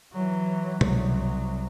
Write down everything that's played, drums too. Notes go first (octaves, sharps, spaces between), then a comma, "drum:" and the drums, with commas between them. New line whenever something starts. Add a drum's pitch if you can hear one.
E3 F#3
C2 F#3, drum: tom B2